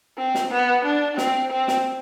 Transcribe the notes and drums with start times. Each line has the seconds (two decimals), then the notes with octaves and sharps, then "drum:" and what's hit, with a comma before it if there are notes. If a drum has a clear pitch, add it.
0.18 C4
0.35 drum: snare
0.52 B3
0.85 D4
1.18 C4, drum: snare
1.51 C4
1.68 drum: snare